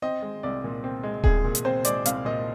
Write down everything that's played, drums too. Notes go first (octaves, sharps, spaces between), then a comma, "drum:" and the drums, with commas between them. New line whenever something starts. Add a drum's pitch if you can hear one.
C4 D#5
G#3
C2 D5
A#2
C4
G#3
C2 G#4, drum: kick D#1
A#2
drum: hi-hat
C4 C5
G#3 D5, drum: hi-hat
C2 F5, drum: hi-hat
A#2 D#5